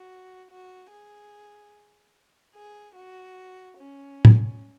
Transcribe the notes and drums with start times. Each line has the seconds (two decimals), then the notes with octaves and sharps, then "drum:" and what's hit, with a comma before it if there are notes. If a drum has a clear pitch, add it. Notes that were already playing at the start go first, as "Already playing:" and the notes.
Already playing: F#4
0.51 F#4
0.91 G#4
2.54 G#4
2.95 F#4
3.77 C#4
4.25 drum: tom A2